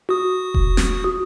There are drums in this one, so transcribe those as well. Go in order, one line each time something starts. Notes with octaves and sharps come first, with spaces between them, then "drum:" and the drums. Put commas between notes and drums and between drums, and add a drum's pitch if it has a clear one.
F#4 D#6
drum: kick E1
drum: snare